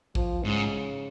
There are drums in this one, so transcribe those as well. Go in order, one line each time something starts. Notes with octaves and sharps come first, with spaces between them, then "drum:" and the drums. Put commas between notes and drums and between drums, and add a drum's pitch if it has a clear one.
F3, drum: kick A1
G#2 C#3